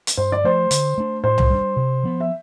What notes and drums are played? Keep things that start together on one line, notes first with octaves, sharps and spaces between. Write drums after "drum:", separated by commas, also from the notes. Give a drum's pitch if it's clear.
drum: hi-hat
G2 C5
D5
F3 A3 C5
D3, drum: hi-hat
A3 D4
A2 C5
drum: tom C2
G3 D4
C3
F3 B3
E5